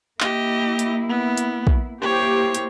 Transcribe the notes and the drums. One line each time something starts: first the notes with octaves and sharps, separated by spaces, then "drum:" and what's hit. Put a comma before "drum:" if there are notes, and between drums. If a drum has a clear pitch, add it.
A#3 E4 G4 D#5, drum: clap
drum: hi-hat
B3
drum: hi-hat
drum: kick
A#3 E4 G4 C5 C#5
drum: hi-hat